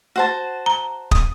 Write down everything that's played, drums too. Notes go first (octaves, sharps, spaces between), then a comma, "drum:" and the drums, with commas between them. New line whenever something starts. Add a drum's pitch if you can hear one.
F#4 C5 A5
A#5
D#6, drum: kick